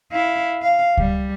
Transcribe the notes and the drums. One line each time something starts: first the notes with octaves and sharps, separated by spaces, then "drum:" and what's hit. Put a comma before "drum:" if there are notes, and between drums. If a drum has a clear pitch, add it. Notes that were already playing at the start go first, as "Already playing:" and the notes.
E4 F5
F5
G3, drum: kick C#2